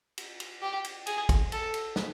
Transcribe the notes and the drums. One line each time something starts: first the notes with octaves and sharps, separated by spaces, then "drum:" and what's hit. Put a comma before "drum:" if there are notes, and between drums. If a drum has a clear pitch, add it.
drum: cymbal
drum: cymbal
G4
drum: cymbal
G#4, drum: cymbal
drum: kick, cymbal
A4, drum: cymbal
drum: cymbal
drum: snare